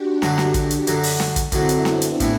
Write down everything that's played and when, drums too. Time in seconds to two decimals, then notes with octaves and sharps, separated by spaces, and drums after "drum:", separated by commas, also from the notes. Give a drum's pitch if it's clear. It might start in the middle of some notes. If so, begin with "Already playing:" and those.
Already playing: D4 F#4 G4
0.22 F#2 D3 F#3, drum: snare
0.38 drum: snare
0.54 drum: kick, hi-hat
0.71 drum: hi-hat
0.87 F#2 D3 F#3, drum: hi-hat
1.03 drum: open hi-hat
1.20 drum: snare
1.36 drum: kick, hi-hat
1.52 F#2 D3 F#3 C4 E4, drum: kick, hi-hat
1.69 drum: hi-hat
1.85 B3 D4, drum: snare
2.02 drum: hi-hat
2.20 A2 E3, drum: kick, hi-hat